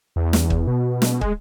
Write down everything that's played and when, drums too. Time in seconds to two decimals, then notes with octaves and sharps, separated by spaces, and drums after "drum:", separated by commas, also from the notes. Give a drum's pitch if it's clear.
0.16 E2
0.33 drum: snare
0.50 drum: kick
0.67 B2
1.02 drum: snare
1.21 G#3, drum: kick